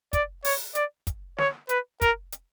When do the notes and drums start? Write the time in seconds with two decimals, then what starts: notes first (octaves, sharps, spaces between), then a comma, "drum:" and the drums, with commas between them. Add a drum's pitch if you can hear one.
0.13 D5, drum: kick, hi-hat
0.44 C#5, drum: open hi-hat
0.75 D5, drum: hi-hat
1.07 drum: kick, hi-hat
1.38 C#5, drum: snare
1.69 B4, drum: hi-hat
2.01 A#4, drum: kick, hi-hat
2.32 drum: hi-hat